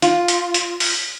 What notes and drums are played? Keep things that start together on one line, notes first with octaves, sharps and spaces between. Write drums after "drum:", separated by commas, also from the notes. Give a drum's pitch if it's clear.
F4, drum: hi-hat
drum: hi-hat
drum: hi-hat
drum: open hi-hat